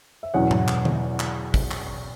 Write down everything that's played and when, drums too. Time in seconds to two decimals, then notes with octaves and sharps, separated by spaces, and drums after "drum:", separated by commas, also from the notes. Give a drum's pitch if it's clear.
0.23 E5
0.34 E2 B2 F#3 C#4 F#5
0.51 drum: tom G#2
0.68 drum: clap
0.85 drum: tom D3
1.20 drum: clap
1.54 drum: kick, open hi-hat
1.71 drum: clap